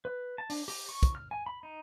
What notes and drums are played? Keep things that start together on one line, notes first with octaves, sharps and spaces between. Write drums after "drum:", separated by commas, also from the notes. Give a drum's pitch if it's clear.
B4
A5
D4, drum: open hi-hat
G4, drum: open hi-hat
C#6
drum: kick, hi-hat
F6
G#5
B5
D#4